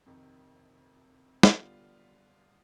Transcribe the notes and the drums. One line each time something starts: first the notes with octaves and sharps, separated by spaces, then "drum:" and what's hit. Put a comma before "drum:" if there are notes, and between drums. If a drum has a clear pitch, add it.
F2 C3 D#3
D3 G3 B3 F4, drum: snare